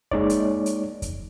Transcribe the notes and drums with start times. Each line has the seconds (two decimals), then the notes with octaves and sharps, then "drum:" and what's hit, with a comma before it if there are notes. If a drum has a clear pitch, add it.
0.11 G#3 A#3 D#4 C#5 D5, drum: kick F2
0.30 drum: hi-hat
0.66 drum: hi-hat
1.02 drum: kick F2, hi-hat